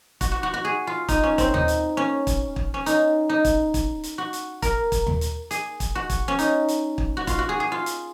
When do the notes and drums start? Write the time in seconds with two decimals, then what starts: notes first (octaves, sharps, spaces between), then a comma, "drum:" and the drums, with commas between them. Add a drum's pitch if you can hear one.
0.21 F#4, drum: kick, hi-hat
0.32 F#4
0.43 F#4
0.54 F#4
0.65 G#4
0.87 F4
1.08 D#4, drum: kick, hi-hat
1.23 C#4
1.38 C4, drum: kick, hi-hat
1.54 D#4, drum: tom D#2
1.68 drum: hi-hat
1.97 C#4
2.27 drum: kick, hi-hat
2.56 drum: kick
2.74 C#4
2.86 D#4, drum: hi-hat
3.29 D#4
3.45 drum: kick, hi-hat
3.74 drum: kick, hi-hat
4.03 drum: hi-hat
4.18 F#4
4.33 drum: hi-hat
4.62 A#4, drum: kick, hi-hat
4.92 drum: kick, hi-hat
5.07 drum: tom D#2
5.21 drum: hi-hat
5.51 G#4, drum: hi-hat
5.80 drum: kick, hi-hat
5.95 F#4
6.10 drum: kick, hi-hat
6.28 C#4
6.39 D#4, drum: hi-hat
6.68 drum: hi-hat
6.98 drum: kick
7.17 F#4
7.27 F4, drum: kick, hi-hat
7.39 F#4
7.49 G#4
7.60 G#4
7.72 F4
7.86 drum: hi-hat